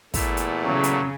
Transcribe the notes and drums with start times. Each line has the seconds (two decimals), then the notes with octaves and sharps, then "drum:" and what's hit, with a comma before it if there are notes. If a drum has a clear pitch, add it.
0.14 E2 A#2 A3 E4, drum: kick, open hi-hat
0.37 drum: hi-hat
0.65 C#3 F#3
0.84 drum: hi-hat